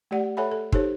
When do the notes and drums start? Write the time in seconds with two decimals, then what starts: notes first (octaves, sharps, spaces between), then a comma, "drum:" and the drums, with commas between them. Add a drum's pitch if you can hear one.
0.11 A3 G4 D5 F#5
0.37 A4 C#5 E5 F#5 G#5 B5
0.52 A4
0.72 D#4 G4 A4 C5 C#5, drum: kick